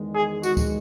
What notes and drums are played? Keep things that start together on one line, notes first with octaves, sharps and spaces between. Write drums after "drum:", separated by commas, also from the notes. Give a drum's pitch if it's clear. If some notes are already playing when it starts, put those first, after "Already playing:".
Already playing: E2 D#3 G#3
G#4
F#4, drum: tambourine
drum: kick D2, tambourine